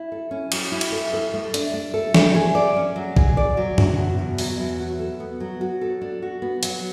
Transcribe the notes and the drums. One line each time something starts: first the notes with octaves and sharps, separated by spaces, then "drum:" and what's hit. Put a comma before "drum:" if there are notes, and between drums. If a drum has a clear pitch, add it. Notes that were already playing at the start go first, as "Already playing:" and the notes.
Already playing: E4
A4
C#4
F#3, drum: cymbal
E4
drum: cymbal
A4
A4
A3
D4, drum: hi-hat
A3
A4
A3, drum: snare
G#4
D5
C#4
F#3
G#4, drum: kick
D5
F#3
E2, drum: tom
B2
E2
F#3, drum: open hi-hat
E2
F#4
A4
B3
F#3
F#4
A4
D4
F#4
B3
F#3, drum: hi-hat